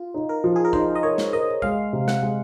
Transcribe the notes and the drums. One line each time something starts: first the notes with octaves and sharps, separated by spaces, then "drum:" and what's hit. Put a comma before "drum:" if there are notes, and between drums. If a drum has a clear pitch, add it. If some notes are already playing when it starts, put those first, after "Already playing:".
Already playing: F4
D#4
A#4
F3
G#4
A#4
D#4 C5, drum: kick A#1
D#5
A#4 C#5
drum: snare
A#4 D#5
G#3 F5, drum: kick A#1
C3
F#5, drum: snare
G#3